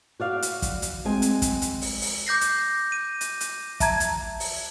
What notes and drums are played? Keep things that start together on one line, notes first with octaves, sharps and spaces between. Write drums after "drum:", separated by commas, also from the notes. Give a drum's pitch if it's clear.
F#4 D5 F5
drum: hi-hat
drum: kick, hi-hat
drum: hi-hat
G#3 C4 G#5
drum: hi-hat
drum: kick, hi-hat
drum: hi-hat
drum: open hi-hat
drum: open hi-hat
D6 G6 A#6 C7
drum: hi-hat
D#7
drum: hi-hat
drum: hi-hat
E5 A5 A#5 G#6, drum: kick, hi-hat
drum: hi-hat
drum: open hi-hat